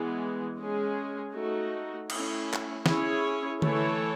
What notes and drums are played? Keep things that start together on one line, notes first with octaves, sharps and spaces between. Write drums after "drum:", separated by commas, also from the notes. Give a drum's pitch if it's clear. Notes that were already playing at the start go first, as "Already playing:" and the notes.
Already playing: E3 G#3 B3
G#3 C#4 G#4
A3 D#4 F#4
A3 C#4 E4, drum: cymbal
drum: clap
C#4 E4 G#4 C#5, drum: snare
E3 A3 E4 A4 C#5, drum: tom D3